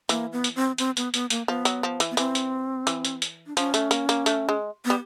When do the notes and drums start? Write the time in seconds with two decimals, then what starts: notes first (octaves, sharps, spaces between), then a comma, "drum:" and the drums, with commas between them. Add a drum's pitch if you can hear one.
0.09 E3 A#3, drum: hi-hat
0.32 B3
0.44 drum: hi-hat
0.56 C4
0.78 C4, drum: hi-hat
0.97 B3, drum: hi-hat
1.14 B3, drum: hi-hat
1.30 A#3, drum: hi-hat
1.48 F3 B3
1.65 F#3, drum: hi-hat
1.83 F3
2.00 E3, drum: hi-hat
2.11 B3
2.17 E3 C4, drum: hi-hat
2.35 drum: hi-hat
2.87 E3, drum: hi-hat
3.05 drum: hi-hat
3.22 drum: hi-hat
3.47 D4
3.57 F3 C#4, drum: hi-hat
3.74 A3, drum: hi-hat
3.91 A#3, drum: hi-hat
4.09 A#3, drum: hi-hat
4.26 A3, drum: hi-hat
4.49 G#3
4.85 B3
4.90 G3